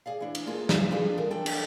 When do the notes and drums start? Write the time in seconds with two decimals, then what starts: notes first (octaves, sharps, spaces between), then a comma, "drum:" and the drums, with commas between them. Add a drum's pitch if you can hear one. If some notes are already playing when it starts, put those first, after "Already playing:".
0.06 G#4 D5 F5
0.20 E3 D4
0.35 drum: cymbal
0.46 A#3 F4 G#4 A4
0.69 drum: snare
0.91 G3 B3 D4 F4 G#4 A4
1.18 A#4
1.31 D4 A4 G5
1.46 drum: cymbal